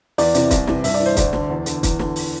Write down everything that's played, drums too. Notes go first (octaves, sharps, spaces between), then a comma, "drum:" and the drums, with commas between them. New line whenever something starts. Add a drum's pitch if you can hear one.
E2 D5, drum: open hi-hat
C3 E3, drum: hi-hat
C2, drum: kick, hi-hat
C3 E3, drum: snare
G2 E5, drum: open hi-hat
D5
E3
C5
D2 D5, drum: kick, hi-hat
D3, drum: snare
E2
D3, drum: hi-hat
E2, drum: kick, hi-hat
D3, drum: snare
drum: open hi-hat